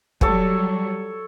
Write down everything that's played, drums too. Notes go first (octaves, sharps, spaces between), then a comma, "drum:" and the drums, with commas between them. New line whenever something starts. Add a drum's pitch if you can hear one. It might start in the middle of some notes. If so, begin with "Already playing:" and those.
F#3 G3 A4 C#5 D6, drum: kick